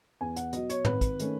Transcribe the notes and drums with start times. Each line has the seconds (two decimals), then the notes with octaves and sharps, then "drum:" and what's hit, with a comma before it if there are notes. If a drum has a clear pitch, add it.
0.21 E2 G#5
0.36 F#5, drum: hi-hat
0.53 B2 F#3 D#5, drum: hi-hat
0.70 C#5, drum: hi-hat
0.85 G#1 B4, drum: tom
1.01 drum: kick, hi-hat
1.19 D#3 A3 C#4, drum: hi-hat